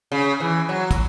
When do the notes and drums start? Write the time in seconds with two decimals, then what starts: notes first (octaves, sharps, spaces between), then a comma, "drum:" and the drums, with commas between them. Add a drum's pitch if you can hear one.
0.12 C#3
0.40 E3
0.69 F#3
0.91 drum: kick, hi-hat